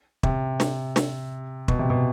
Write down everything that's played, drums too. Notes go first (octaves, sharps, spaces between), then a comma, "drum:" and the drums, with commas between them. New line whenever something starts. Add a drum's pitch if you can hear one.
C3, drum: kick
drum: snare
drum: snare
B2, drum: kick
C3
B2